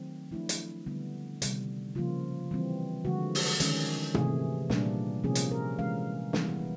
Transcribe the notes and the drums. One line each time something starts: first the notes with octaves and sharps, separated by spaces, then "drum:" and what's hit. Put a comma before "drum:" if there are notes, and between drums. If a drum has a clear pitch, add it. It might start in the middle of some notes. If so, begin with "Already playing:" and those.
Already playing: D#3 F#3 A3 C4
F3 A3 D4 E4
drum: hi-hat
D3 G3 B3
C3 D#3 G3, drum: hi-hat
C#3 F3 A#3 F4
E3 G3 C4
D3 F3 G#3 F#4
drum: open hi-hat
D#3 G#3 C#4, drum: hi-hat
C3 E3 A3 G#4, drum: tom
A#2 G3 A#3 D4, drum: snare
C3 F3 A#3 C#4 G#4
drum: hi-hat
A#4
E3 G#3 C#4 F5
E3 G3 B3, drum: snare